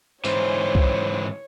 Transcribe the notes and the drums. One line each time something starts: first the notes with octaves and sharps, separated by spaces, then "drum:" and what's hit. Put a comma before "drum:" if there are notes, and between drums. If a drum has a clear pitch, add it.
G#2 E3 C5 C#5, drum: tambourine
drum: kick B1